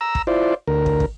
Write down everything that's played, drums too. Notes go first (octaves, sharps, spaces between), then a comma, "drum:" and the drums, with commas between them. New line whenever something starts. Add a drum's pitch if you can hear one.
A#5 E6
drum: kick
E4 F4 C5 D5
D2 A#4
drum: kick
drum: kick